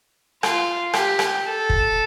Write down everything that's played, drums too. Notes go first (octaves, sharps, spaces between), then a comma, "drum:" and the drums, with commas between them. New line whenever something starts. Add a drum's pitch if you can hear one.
F4, drum: rim click
G4, drum: rim click
drum: rim click
A4
drum: kick